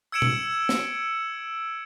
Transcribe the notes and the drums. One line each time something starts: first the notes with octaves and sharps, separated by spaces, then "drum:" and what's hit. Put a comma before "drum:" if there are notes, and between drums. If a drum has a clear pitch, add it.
E6 G#6 C#7 D7 E7 F#7
drum: tom B2
drum: snare